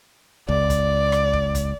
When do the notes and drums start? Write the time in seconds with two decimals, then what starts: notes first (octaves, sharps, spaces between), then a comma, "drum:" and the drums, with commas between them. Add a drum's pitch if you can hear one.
0.49 C#2 D5, drum: kick
0.70 drum: kick, hi-hat
1.12 drum: rim click
1.33 drum: kick
1.55 drum: kick, hi-hat